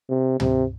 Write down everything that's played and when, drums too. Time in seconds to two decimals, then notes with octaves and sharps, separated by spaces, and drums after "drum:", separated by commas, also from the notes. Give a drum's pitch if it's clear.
0.09 C3
0.40 C3, drum: tom